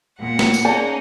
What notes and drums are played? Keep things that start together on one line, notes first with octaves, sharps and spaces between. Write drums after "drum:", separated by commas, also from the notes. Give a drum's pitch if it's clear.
A#2 F#5
drum: snare
drum: tambourine
A#3 C#4 D#4 G#4 D5 A5